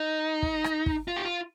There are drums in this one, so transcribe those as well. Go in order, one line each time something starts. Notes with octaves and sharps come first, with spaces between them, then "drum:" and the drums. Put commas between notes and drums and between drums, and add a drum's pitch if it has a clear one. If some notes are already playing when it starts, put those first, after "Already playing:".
Already playing: D#4
drum: kick
drum: rim click
drum: kick
F4
G4
F4